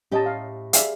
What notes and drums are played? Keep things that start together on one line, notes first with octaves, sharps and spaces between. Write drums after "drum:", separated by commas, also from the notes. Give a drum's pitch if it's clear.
A2 C#4 G4 D#5 A5
F5
G#4 D5 E5 F5, drum: hi-hat